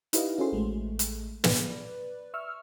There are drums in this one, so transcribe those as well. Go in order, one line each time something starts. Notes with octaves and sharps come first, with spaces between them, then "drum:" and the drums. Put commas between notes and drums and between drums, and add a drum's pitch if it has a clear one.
D#4 E4 G4 B4 D#5 F5, drum: hi-hat
C#4 F#4 G#4 A4 C5 C6
A1 G#3 A3
drum: hi-hat
B4 D5, drum: snare
E5 C#6 E6 F6